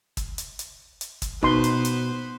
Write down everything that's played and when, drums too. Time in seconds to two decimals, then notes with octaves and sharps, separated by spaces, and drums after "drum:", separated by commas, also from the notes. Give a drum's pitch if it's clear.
0.17 drum: kick, hi-hat
0.38 drum: hi-hat
0.59 drum: hi-hat
1.01 drum: hi-hat
1.22 drum: kick, hi-hat
1.43 B2 B3 D#4 B4 C5 C6, drum: kick
1.64 drum: hi-hat
1.85 drum: hi-hat